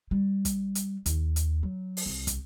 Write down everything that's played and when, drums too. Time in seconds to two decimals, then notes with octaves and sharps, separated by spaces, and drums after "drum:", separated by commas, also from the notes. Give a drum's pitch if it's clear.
0.11 G3
0.45 drum: kick, hi-hat
0.75 drum: hi-hat
1.06 D#2, drum: hi-hat
1.36 drum: hi-hat
1.63 F#3
1.97 drum: open hi-hat
2.06 C2
2.27 drum: kick, hi-hat